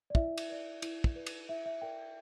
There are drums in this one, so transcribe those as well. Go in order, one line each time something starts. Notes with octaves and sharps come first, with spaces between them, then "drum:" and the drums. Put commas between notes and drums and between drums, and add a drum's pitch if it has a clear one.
D5
E4 E5, drum: kick
drum: cymbal
B4 D5
E4, drum: cymbal
drum: kick
B4 D5
drum: cymbal
E4 E5
E5
A#4 D5 G5